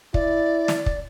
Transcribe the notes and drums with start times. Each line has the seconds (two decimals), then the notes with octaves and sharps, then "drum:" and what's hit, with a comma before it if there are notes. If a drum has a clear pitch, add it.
0.14 E4 D5, drum: kick
0.68 drum: snare
0.86 drum: kick